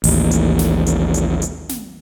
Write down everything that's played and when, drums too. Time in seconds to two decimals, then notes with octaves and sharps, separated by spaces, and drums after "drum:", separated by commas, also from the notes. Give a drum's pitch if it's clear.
0.04 A1 D#2, drum: open hi-hat
0.31 drum: hi-hat
0.59 drum: snare
0.86 drum: hi-hat
1.14 drum: hi-hat
1.42 drum: hi-hat
1.69 drum: snare